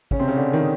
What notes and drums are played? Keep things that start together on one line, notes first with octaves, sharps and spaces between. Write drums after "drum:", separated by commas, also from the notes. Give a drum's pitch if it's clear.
C#3 C#4, drum: kick
C3 C4
C#3 C#4
D3 D4
D#3 D#4